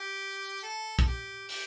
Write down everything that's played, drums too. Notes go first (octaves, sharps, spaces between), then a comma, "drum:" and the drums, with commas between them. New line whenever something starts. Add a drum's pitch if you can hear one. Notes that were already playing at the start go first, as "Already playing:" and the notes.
Already playing: G4
A4
A4, drum: kick
G4
G4, drum: open hi-hat